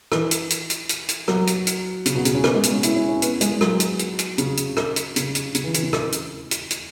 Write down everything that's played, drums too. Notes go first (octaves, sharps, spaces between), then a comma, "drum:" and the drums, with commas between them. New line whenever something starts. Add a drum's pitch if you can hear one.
E3, drum: rim click
drum: hi-hat
drum: hi-hat
drum: hi-hat
drum: hi-hat
drum: hi-hat
F#3, drum: rim click
drum: hi-hat
drum: hi-hat
C#3, drum: hi-hat
B2
C#3, drum: hi-hat
C#4
B3, drum: rim click
G#3
B3, drum: hi-hat
C#4
E4, drum: hi-hat
C#4
C#4
B3, drum: hi-hat
G#3, drum: hi-hat
F#3, drum: rim click
drum: hi-hat
drum: hi-hat
drum: hi-hat
C#3, drum: hi-hat
drum: hi-hat
drum: rim click
drum: hi-hat
C#3, drum: hi-hat
drum: hi-hat
C#3, drum: hi-hat
E3
E3, drum: hi-hat
C#3
drum: rim click
drum: hi-hat
drum: hi-hat
drum: hi-hat